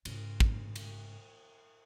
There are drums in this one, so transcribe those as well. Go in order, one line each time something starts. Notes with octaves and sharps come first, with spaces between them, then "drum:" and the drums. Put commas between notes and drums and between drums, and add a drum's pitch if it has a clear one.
G#2 C#3, drum: cymbal
drum: kick
drum: cymbal